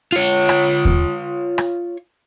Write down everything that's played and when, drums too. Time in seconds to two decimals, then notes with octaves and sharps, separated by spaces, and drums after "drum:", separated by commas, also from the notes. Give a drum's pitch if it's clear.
0.12 F4 C#5
0.49 drum: rim click
0.85 drum: kick D#2
1.58 drum: rim click